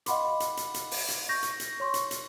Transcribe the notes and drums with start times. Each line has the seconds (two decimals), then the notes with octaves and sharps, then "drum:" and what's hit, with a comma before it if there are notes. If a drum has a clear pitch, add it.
0.06 D#5 F5 F#5 B5 C6 D6, drum: hi-hat
0.40 drum: hi-hat
0.57 drum: hi-hat
0.74 drum: hi-hat
0.91 drum: open hi-hat
1.08 drum: hi-hat
1.29 C#6 G6 A#6
1.43 drum: hi-hat
1.60 drum: hi-hat
1.80 C#5 C6 C#6
1.94 drum: hi-hat
2.11 drum: hi-hat